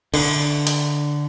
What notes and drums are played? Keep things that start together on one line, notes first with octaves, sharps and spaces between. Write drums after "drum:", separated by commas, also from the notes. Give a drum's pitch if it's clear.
D3, drum: cymbal
drum: hi-hat